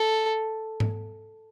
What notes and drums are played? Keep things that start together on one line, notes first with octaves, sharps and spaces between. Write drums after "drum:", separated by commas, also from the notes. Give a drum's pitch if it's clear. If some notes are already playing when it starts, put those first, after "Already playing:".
Already playing: A4
drum: tom G#2